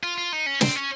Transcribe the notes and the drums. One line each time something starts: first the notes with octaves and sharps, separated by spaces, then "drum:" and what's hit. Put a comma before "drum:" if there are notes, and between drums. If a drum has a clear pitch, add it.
F4
F4
D#4
C#4
C4, drum: snare
C#4